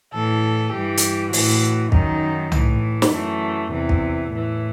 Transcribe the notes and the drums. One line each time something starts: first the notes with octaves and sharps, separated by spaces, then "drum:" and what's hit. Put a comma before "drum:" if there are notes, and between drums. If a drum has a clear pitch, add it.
A2 E3 A4
G2 E3 G4
drum: hi-hat
A2 E3 F#4, drum: open hi-hat
F#2 D#3 D#4, drum: kick
A2 E3, drum: tom C2
drum: snare
F#2 E3 A3
E2 C3 E3
drum: kick
A2 E3